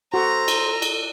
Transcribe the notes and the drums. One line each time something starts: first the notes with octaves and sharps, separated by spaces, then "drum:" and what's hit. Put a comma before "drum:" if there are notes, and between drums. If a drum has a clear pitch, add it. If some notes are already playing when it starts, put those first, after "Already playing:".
F#4 A4 C5 A#5
drum: cymbal
drum: cymbal